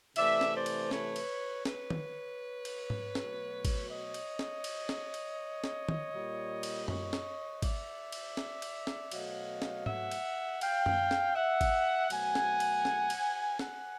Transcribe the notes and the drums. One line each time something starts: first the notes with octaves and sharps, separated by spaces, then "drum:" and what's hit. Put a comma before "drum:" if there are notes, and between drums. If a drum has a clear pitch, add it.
C3 E3 A3 D5 E5, drum: cymbal
drum: snare
C5 D5
drum: cymbal
B4 C#5, drum: snare
drum: cymbal
B4 C#5, drum: snare
drum: tom D#3
drum: cymbal
drum: tom G#2
B2 F#3 A3, drum: snare
drum: kick, cymbal
C#5 D#5
drum: cymbal
drum: snare
drum: cymbal
drum: snare
drum: cymbal
drum: snare
drum: tom D#3
A#2 G3
drum: cymbal
C#5 D#5, drum: tom F#2
drum: snare
D5 E5, drum: kick, cymbal
drum: cymbal
drum: snare
drum: cymbal
drum: snare
B2 F#3 A3 D#5 F5, drum: cymbal
drum: snare
E5 F#5, drum: tom G#2
drum: cymbal
F5 G5, drum: cymbal
drum: tom F#2
drum: snare
E5 F#5
drum: kick, cymbal
B2 F#3 A3 F#5 G#5, drum: cymbal
drum: snare
drum: cymbal
drum: snare
drum: cymbal
F#5 G#5, drum: snare